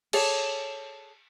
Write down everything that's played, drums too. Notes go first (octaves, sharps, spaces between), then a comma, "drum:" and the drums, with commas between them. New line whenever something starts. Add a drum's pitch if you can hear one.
G#4 A4 C#5 D5, drum: cymbal